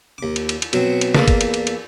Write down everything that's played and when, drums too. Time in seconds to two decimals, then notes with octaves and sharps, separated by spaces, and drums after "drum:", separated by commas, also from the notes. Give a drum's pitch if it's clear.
0.18 D#2 D6
0.36 drum: cymbal
0.49 drum: cymbal
0.62 drum: cymbal
0.73 B2 F#3 C4, drum: cymbal
1.01 drum: cymbal
1.14 E2 A#3 A4 D5, drum: snare
1.28 drum: kick, cymbal
1.41 drum: cymbal
1.54 drum: cymbal
1.67 drum: cymbal